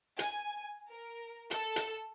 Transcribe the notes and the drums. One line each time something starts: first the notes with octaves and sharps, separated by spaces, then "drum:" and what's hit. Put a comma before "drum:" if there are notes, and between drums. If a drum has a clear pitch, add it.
G#5, drum: hi-hat
A#4
A4, drum: hi-hat
drum: hi-hat